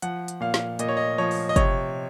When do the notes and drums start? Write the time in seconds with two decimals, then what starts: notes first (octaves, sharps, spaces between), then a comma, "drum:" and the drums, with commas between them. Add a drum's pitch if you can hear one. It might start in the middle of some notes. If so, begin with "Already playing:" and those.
0.02 F3 F#5, drum: hi-hat
0.28 drum: hi-hat
0.40 A#2 F5
0.54 drum: snare
0.79 A#2 D#5, drum: hi-hat
0.89 C#5
0.97 D#5
1.18 F3 C#5
1.31 drum: open hi-hat
1.49 D#5
1.56 C3 C#5, drum: kick F#1, hi-hat